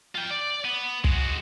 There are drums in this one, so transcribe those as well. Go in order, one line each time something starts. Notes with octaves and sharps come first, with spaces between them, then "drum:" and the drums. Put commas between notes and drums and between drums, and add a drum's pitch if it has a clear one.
F4 G5
D5
B3
G#3 F#4, drum: kick